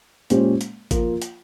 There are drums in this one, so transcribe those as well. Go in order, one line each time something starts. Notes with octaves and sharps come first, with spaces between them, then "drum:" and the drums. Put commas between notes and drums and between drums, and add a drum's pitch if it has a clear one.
A#2 G#3 C#4 G4 C5, drum: hi-hat
drum: hi-hat
F3 A#3 F4, drum: kick G#1, hi-hat
drum: hi-hat